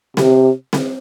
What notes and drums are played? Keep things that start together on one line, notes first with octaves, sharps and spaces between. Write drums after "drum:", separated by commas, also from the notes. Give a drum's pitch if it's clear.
C3, drum: snare C4
drum: snare C4